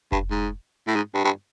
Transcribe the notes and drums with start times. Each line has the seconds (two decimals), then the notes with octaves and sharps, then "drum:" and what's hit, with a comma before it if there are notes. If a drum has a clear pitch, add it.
0.12 G2, drum: kick F1
0.31 G#2
0.87 A2
0.96 G#2
1.14 G2
1.24 G2